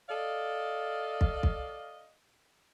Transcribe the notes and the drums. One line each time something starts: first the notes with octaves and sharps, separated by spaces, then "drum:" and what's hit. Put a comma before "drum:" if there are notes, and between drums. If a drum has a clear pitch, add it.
A4 D5 D#5 F5
drum: kick
drum: kick